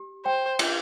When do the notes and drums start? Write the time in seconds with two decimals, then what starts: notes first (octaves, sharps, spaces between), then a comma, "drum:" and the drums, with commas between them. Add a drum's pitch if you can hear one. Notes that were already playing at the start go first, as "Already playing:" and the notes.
Already playing: G4
0.26 C5 G5
0.59 D#5, drum: cymbal